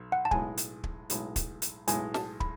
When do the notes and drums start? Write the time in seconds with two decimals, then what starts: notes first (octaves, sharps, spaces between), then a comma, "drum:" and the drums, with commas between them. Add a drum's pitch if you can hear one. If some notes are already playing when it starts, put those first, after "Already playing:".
Already playing: B1
0.12 F#5
0.25 A5
0.31 B1 A2 G#3 G#5, drum: kick
0.57 drum: hi-hat
0.84 drum: kick
1.10 B1 A2 G#3, drum: hi-hat
1.36 drum: kick, hi-hat
1.62 drum: hi-hat
1.87 B1 A2 G#3 G#5, drum: hi-hat
2.14 A5, drum: snare
2.40 B5, drum: kick